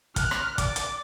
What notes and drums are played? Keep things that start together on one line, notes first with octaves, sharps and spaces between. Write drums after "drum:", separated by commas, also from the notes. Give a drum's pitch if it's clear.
F6 F#6, drum: kick, hi-hat
drum: rim click
D5 D6, drum: kick, hi-hat
drum: hi-hat